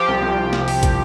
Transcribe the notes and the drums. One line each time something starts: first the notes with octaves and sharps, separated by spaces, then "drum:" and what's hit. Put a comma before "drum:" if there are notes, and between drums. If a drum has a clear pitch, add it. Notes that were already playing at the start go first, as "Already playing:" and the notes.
Already playing: F3 G4
C2
C2
drum: snare
drum: open hi-hat
drum: kick, hi-hat